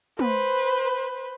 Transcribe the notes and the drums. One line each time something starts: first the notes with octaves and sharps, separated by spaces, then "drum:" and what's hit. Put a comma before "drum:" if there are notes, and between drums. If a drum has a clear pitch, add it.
B4 C5, drum: tom